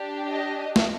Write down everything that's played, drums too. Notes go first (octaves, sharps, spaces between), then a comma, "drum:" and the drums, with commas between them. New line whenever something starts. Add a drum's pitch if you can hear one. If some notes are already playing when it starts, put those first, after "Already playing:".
Already playing: D4 G4
D#5
drum: snare